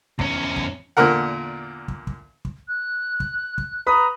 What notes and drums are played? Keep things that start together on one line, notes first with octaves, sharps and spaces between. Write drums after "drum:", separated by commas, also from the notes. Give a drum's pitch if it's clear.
E2 C#4, drum: kick
drum: kick
E2 A#2 D3 A#4 F#5
drum: kick
drum: kick
drum: kick
F#6
drum: kick
drum: kick
B4 A#5 B5 D#6